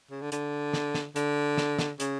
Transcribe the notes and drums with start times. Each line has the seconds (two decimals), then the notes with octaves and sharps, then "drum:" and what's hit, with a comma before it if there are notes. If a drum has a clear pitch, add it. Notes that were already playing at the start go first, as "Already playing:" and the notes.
0.11 C#3
0.21 D3
0.32 D3, drum: hi-hat
0.73 drum: snare
0.94 drum: snare
1.16 D3, drum: hi-hat
1.58 drum: snare
1.79 drum: snare
2.00 C#3, drum: hi-hat